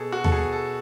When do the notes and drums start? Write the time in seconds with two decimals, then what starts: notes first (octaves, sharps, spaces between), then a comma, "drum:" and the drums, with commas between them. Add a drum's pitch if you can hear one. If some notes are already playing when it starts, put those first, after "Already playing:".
Already playing: B2 G#4 A4
0.12 F#4
0.24 A4, drum: tom D#2
0.32 B2 G#4
0.52 A4